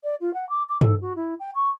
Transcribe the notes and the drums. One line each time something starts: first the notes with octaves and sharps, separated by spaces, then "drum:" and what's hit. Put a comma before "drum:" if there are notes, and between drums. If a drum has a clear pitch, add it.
D5
F4
F#5
D6
D6
A4, drum: tom G2
F#4
E4
G5
C#6